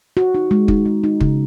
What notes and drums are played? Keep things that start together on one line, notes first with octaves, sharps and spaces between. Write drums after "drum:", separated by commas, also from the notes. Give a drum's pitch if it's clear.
F#4
D#4
G#3
D#4, drum: kick
G#3
D#4
C#3, drum: kick